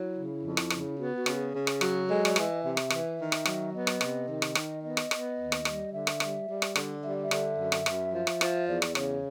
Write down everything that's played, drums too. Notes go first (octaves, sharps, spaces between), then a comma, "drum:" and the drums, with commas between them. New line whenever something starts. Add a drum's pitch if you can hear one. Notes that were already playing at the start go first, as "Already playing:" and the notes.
Already playing: F#3 E4
C#3
F2
drum: rim click
C#3, drum: rim click
B3 F#4
F#4
C#3, drum: rim click
G#4
C#3
drum: rim click
F#3, drum: rim click
G#3 A4
D5, drum: rim click
E3 D#5, drum: rim click
C3 E5
drum: rim click
E3, drum: rim click
D#3
drum: rim click
F#3, drum: rim click
B3 D#5
drum: rim click
C3, drum: rim click
D#3
drum: rim click
D#3, drum: rim click
B3 D#5
drum: rim click
B3, drum: rim click
D#2
drum: rim click
G3, drum: rim click
D3 E5
drum: rim click
G3, drum: rim click
G3
drum: rim click
D3, drum: rim click
G3 E5
E5
D3, drum: rim click
F#2
drum: rim click
F#2, drum: rim click
F3
drum: rim click
F3, drum: rim click
E2 D5
drum: rim click
C#3 C#5, drum: rim click